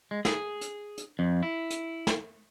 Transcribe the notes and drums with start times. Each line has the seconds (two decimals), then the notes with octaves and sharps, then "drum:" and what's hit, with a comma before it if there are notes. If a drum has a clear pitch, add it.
0.11 G#3
0.25 G#4, drum: snare
0.61 drum: hi-hat
0.98 drum: hi-hat
1.19 F2
1.43 E4
1.70 drum: hi-hat
2.07 drum: snare